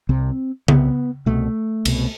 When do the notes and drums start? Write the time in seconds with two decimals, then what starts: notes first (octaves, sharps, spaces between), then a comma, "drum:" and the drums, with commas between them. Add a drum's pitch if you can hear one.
0.09 C2 C3 C4
0.68 C2 C3 B3, drum: tom C#3
1.26 C2 B2 A3
1.85 C2 B2, drum: cymbal